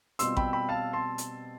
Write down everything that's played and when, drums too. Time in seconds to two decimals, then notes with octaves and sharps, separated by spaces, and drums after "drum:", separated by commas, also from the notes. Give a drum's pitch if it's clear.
0.19 B2 G3 C4 F4 C6 E6, drum: hi-hat
0.37 G5 B5, drum: kick A1
0.53 G5 B5
0.69 F5 A5
0.93 A5 C6
1.18 drum: hi-hat